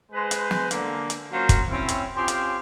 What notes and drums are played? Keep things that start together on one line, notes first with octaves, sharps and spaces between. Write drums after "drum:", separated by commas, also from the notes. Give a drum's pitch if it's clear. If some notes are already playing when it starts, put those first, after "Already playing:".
G#3 B4 C5
drum: hi-hat
drum: snare
D3 A#3, drum: hi-hat
drum: hi-hat
F#3 A#3 C#4 F4 C5
drum: kick, hi-hat
C4 C#4 E4
drum: hi-hat
C4 C#4 F4 G4 G#4 C5
drum: hi-hat